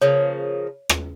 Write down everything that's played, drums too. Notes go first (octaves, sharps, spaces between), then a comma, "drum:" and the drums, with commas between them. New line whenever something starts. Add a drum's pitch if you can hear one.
C#3 F3 A#3 C#5
drum: rim click